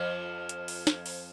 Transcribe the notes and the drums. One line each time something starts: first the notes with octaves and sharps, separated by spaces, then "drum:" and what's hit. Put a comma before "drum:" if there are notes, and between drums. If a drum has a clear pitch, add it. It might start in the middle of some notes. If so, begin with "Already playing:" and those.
Already playing: F2 F3
drum: hi-hat
drum: open hi-hat
drum: snare
drum: open hi-hat